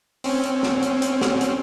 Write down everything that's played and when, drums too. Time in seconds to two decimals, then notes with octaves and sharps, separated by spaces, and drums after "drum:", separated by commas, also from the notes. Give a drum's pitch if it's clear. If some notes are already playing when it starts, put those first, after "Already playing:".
0.24 C4 C#4, drum: open hi-hat
0.44 drum: hi-hat
0.63 drum: snare
0.83 drum: hi-hat
1.02 drum: hi-hat
1.22 drum: snare
1.41 drum: hi-hat